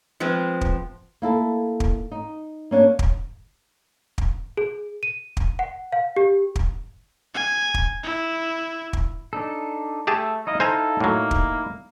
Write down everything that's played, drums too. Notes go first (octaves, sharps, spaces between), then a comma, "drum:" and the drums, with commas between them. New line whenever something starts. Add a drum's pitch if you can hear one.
F3 G#3 B3 C4
drum: kick
A#3 E4 A4
drum: kick
D#4
A#3 C#4 D4
drum: kick
drum: kick
G#4
D#7
drum: kick
F#5
F5
G4
drum: kick
G#5
drum: kick
E4
drum: kick
D4 D#4 A4
A3 G4 G#4 E5 A5
D#4 E4 D#5 F5
A4 C5 G#5 A#5
A2 F#3 A#3
drum: kick